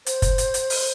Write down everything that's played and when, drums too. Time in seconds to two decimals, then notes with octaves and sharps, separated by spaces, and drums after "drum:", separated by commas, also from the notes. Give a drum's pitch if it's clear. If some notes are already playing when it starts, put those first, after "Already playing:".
0.06 C5, drum: hi-hat
0.22 drum: kick F#1, hi-hat
0.38 drum: hi-hat
0.54 drum: hi-hat
0.70 drum: open hi-hat